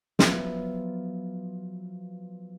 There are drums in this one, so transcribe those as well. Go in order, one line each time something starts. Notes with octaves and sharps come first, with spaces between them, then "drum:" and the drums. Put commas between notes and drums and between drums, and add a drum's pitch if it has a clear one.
F3 F#3 B3 F4 E5, drum: snare